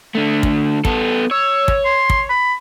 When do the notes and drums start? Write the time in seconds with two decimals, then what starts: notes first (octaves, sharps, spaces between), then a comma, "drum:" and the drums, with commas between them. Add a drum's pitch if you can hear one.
0.15 D3 A3
0.43 drum: kick
0.85 B3 A4, drum: kick
1.31 C#5 E6
1.68 drum: kick
1.85 C6
2.10 drum: kick
2.30 B5